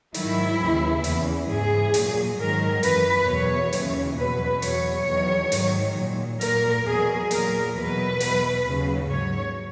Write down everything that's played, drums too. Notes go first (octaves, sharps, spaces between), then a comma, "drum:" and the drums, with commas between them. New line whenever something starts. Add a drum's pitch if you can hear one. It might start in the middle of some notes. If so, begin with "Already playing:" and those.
G#2 D#3 F#3 E4, drum: hi-hat
D#2 C#3 E3
E2 C#3 E3, drum: hi-hat
G#2 E3 G#4
A#2 F#3, drum: hi-hat
G#2 D#3 F#3 A#4
F#2 E3 B4, drum: hi-hat
E2 B2 F#3 C#5
D#2 C#3 E3, drum: hi-hat
E2 B2 F#3 B4
E2 B2 F#3 C#5, drum: hi-hat
E2 D#3 F#3
G#2 D#3 F#3, drum: hi-hat
A#2 F#3
A#2 F#3 A#4, drum: hi-hat
E2 B2 F#3 G#4
A#2 F#3 A#4, drum: hi-hat
E2 B2 F#3 B4
E2 B2 F#3, drum: hi-hat
D#2 C#3 F#3
G#2 F#3 C#5